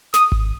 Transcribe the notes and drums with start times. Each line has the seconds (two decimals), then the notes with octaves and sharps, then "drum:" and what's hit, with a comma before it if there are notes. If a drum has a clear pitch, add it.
0.14 D#6, drum: snare
0.32 drum: kick G#1